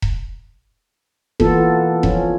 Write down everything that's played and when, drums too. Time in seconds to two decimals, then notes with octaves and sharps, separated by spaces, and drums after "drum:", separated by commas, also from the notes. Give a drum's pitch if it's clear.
0.02 drum: kick E1
1.40 E3 A#3 B3 F4 A4, drum: kick E1
2.03 F3 C#4, drum: kick E1